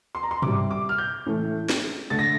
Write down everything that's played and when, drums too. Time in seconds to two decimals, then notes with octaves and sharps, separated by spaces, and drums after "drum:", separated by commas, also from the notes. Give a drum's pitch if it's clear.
0.15 C6
0.23 A#5
0.31 C6
0.42 C3 G3 D6, drum: tom
0.71 D6
0.89 F6
0.98 G6
1.26 A2 E3 A3
1.69 drum: snare
2.10 D3 A3 A6
2.19 A#6